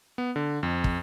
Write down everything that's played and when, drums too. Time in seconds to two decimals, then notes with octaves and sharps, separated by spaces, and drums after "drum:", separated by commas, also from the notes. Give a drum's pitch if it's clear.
0.18 B3
0.36 D3
0.63 F2
0.84 drum: kick